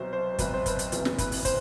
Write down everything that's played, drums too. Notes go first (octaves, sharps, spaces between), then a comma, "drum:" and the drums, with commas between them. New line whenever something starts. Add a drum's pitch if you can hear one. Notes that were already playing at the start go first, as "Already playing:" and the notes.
Already playing: C2 B2 F#3 C5
C5
C2 B2 F#3 B4, drum: kick, hi-hat
C5
B4, drum: kick, hi-hat
drum: hi-hat
F#1 E2 C3 E3, drum: hi-hat
drum: snare
B4, drum: kick, hi-hat
drum: open hi-hat
C5, drum: kick, hi-hat